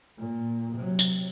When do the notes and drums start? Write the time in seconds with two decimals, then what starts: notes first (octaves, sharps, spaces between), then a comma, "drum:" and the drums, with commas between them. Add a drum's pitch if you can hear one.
0.17 A#2
0.76 C3 F#3
0.99 drum: tambourine